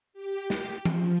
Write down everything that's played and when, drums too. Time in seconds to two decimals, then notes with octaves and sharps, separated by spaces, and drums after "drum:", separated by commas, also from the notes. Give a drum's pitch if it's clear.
0.13 G4
0.50 drum: snare
0.85 F3, drum: tom E3